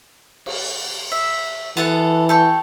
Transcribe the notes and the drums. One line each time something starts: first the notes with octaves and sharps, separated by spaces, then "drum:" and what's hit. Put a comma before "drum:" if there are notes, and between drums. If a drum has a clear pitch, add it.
drum: cymbal
E5
E3 B3 A4 F#5, drum: cymbal
A4 G5 C#6